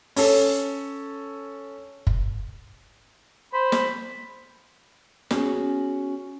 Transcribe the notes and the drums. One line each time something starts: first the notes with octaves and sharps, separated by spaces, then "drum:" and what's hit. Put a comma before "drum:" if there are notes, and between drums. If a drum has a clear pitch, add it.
C#4 A4, drum: open hi-hat
drum: kick F#1
C5 B5
drum: snare
B3 C#4 F#4 G#4, drum: snare